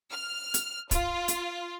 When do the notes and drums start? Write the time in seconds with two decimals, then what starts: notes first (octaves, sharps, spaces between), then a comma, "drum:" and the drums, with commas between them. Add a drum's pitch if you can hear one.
0.11 F6
0.54 drum: hi-hat
0.91 F4, drum: kick, hi-hat
1.28 drum: hi-hat